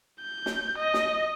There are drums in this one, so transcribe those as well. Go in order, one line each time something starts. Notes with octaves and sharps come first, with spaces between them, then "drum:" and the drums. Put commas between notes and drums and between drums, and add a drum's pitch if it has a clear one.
G6
drum: snare
D#5
drum: snare